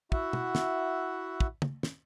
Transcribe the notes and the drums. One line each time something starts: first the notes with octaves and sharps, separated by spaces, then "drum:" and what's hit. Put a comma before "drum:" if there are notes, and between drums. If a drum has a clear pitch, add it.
E4 F#4 E5 F#5, drum: kick
drum: tom
drum: snare
drum: kick
drum: tom
drum: snare